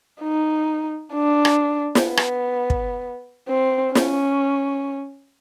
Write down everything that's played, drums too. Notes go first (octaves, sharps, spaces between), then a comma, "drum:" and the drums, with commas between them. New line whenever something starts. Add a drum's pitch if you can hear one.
D#4
D4
drum: rim click
drum: snare
B3
drum: rim click
drum: kick
C4
C#4, drum: snare